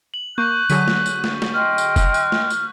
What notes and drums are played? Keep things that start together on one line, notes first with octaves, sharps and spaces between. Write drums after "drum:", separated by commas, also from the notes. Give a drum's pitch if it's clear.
F#7
A#3 C#6 F#6 G6
D3 F#3 G#4 C#6 B6 D#7, drum: tambourine
drum: snare
drum: tambourine
drum: snare
drum: snare
D#5 G5 C6 F6
drum: tambourine
drum: kick F1, tambourine
F#6, drum: tambourine
drum: snare
drum: tambourine